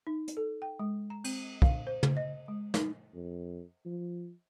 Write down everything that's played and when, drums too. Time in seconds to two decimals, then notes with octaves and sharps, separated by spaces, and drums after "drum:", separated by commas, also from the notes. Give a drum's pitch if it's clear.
0.07 D#4
0.28 drum: hi-hat
0.37 A4
0.62 G5
0.79 G#3
1.10 A#5
1.24 C4, drum: cymbal
1.62 F5, drum: kick
1.87 C5
2.03 drum: tom
2.17 D#5
2.48 G#3
2.74 D#4, drum: snare
3.14 F2
3.85 F3